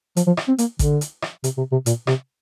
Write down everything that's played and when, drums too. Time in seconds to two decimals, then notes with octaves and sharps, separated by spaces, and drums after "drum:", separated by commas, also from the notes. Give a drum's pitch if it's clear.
0.17 F3, drum: hi-hat
0.27 F3
0.37 drum: rim click
0.48 C4
0.58 A#3, drum: hi-hat
0.79 D3, drum: kick, hi-hat
1.01 drum: hi-hat
1.22 drum: rim click
1.44 C3, drum: hi-hat
1.57 C3
1.72 C3
1.86 A#2, drum: hi-hat
2.07 C3, drum: rim click